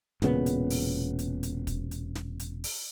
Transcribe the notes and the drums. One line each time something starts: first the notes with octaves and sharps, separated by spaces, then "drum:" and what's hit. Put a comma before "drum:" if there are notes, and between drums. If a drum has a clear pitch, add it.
E1 A#2 C#3 B3, drum: snare
drum: hi-hat
drum: open hi-hat
drum: hi-hat
drum: hi-hat
drum: kick, hi-hat
drum: hi-hat
drum: snare
drum: hi-hat
drum: open hi-hat